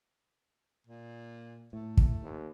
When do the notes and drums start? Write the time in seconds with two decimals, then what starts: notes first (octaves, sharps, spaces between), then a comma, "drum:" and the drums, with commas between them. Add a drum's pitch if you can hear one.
0.87 A#2
1.73 A2 A3
1.97 drum: kick
2.23 D#2